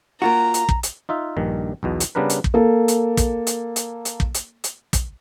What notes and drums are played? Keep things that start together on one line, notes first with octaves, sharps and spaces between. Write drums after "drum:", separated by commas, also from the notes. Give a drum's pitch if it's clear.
A#3 F4 F#4 A#5
drum: hi-hat
drum: kick
drum: hi-hat
D#4 F4 E5
A#1 G2 D#3
B1 E2 B2
drum: hi-hat
C#3 G3 B3 D4 A#4 B4
drum: hi-hat
drum: kick
A#3 A4
drum: hi-hat
drum: kick, hi-hat
drum: hi-hat
drum: hi-hat
drum: hi-hat
drum: kick
drum: hi-hat
drum: hi-hat
drum: kick, hi-hat